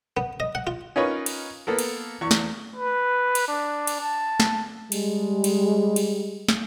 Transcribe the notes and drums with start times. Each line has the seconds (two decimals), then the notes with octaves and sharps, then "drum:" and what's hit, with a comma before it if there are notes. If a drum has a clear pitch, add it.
0.17 B3
0.40 D#5
0.55 F#5
0.67 F4
0.96 C#4 D#4 F4 A#4 B4 C#5
1.26 drum: cymbal
1.67 A#3 B3 A4 A#4
1.79 drum: cymbal
2.21 E2 C#6
2.31 drum: snare
2.76 B4
3.35 drum: cymbal
3.48 D4
3.87 drum: cymbal
4.00 A5
4.40 drum: snare
4.92 G3 G#3, drum: cymbal
5.44 drum: cymbal
5.96 drum: cymbal
6.48 drum: snare